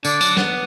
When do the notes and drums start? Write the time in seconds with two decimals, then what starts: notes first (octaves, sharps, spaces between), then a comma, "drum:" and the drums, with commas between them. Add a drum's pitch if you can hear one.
0.05 D3 D4, drum: tambourine
0.21 F#3, drum: tambourine
0.37 B3, drum: snare